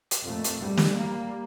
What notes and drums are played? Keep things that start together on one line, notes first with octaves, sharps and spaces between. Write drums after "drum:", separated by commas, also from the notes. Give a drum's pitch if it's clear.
drum: hi-hat
F2 A#2 A3
drum: hi-hat
G3
drum: snare
G3 A#3